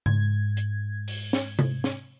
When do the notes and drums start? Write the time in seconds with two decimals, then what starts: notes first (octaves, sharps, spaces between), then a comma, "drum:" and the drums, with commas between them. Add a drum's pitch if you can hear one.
0.06 G#2 G#6, drum: tom C#3
0.57 drum: hi-hat
1.08 drum: open hi-hat
1.33 drum: snare
1.59 drum: tom C3
1.84 drum: snare